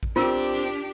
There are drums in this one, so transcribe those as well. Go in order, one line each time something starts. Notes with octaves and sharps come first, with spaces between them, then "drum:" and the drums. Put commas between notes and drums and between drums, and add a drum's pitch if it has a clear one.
drum: kick A1
C4 D4 F4 G4 A#4 E6